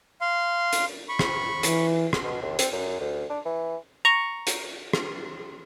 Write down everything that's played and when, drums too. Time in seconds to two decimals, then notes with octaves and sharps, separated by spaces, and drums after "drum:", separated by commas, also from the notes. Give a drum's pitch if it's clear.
0.21 F5 C6
0.73 drum: hi-hat
1.09 B5 C#6
1.19 drum: rim click
1.63 E3, drum: hi-hat
2.13 drum: rim click
2.24 B2
2.42 D#2
2.59 C4, drum: hi-hat
2.73 F#2
3.01 D2
3.30 D4
3.45 E3
4.05 A#5 C#6
4.47 drum: hi-hat
4.93 drum: rim click